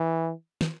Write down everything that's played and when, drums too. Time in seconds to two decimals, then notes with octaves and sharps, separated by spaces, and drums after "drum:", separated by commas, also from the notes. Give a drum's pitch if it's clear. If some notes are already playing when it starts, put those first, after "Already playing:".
Already playing: E3
0.61 drum: snare